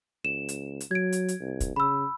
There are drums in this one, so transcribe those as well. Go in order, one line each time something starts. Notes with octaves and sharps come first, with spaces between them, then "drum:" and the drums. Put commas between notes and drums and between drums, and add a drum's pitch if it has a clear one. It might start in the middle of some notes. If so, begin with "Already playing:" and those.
C#2 E7
drum: hi-hat
drum: hi-hat
F#3 G#6 D7
drum: hi-hat
drum: hi-hat
C2
drum: kick, hi-hat
C#3 B5 E6